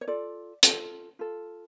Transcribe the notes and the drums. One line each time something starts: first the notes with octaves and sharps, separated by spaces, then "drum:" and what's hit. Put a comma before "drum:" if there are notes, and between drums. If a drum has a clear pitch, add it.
C#5
F4 A4 D5
F4 A4, drum: hi-hat
F4 A4